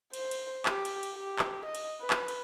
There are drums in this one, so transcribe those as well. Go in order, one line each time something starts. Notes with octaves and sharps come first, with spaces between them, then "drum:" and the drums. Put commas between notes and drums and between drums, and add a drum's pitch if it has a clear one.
C5, drum: cymbal
drum: cymbal
G4, drum: clap
drum: cymbal
drum: cymbal
G4
drum: clap
D#5
drum: cymbal
B4
drum: clap
drum: cymbal